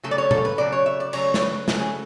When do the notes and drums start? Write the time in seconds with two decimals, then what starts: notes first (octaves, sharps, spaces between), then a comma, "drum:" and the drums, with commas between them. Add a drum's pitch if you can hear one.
0.03 C#3 F#3 A3 A4
0.11 D5
0.18 C#5
0.31 A4, drum: tom A#2
0.45 B4
0.58 C#3 F#3 A3 D5
0.72 C#5
0.86 E5
1.00 D5
1.13 C#3 F#3 A3 C#5, drum: cymbal
1.34 C#5, drum: snare
1.41 B4
1.68 C#3 F#3 A3 A4, drum: snare
1.79 G#4